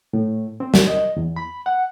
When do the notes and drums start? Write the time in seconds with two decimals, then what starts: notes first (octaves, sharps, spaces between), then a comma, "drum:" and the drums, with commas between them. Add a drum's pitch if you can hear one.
0.13 A2
0.60 C4
0.74 drum: snare
0.87 D#5
1.16 E2
1.36 B5
1.66 F#5